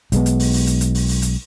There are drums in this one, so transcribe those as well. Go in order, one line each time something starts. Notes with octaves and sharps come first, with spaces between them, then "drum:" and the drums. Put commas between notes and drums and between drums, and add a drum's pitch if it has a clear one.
B1 G#3 B3, drum: hi-hat
drum: hi-hat
drum: open hi-hat
drum: open hi-hat
drum: hi-hat
drum: hi-hat
drum: open hi-hat
drum: open hi-hat
drum: hi-hat